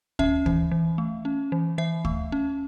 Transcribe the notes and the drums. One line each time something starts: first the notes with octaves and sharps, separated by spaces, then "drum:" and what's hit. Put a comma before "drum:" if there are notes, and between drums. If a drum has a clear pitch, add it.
C#4 E5, drum: kick
E3, drum: kick
E3
A3
C#4
E3
E3 E5
A3, drum: kick
C#4